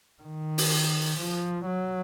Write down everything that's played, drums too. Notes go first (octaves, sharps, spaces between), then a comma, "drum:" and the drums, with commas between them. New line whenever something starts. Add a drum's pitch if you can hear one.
D#3
drum: open hi-hat
F3
F#3